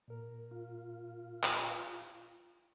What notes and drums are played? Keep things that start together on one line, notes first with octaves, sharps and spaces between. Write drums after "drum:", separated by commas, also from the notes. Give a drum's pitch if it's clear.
A#2 A#4
F4
drum: clap